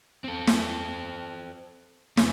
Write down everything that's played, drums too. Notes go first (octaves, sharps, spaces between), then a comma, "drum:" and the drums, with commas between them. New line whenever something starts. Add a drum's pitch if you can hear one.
C4 A4
drum: snare
F2 C#3, drum: snare